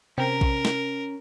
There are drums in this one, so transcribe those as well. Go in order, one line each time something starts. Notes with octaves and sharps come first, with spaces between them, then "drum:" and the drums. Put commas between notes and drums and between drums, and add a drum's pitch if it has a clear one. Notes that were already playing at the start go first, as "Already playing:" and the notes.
C3 C#4 A#4 A#5
drum: kick A#1
drum: snare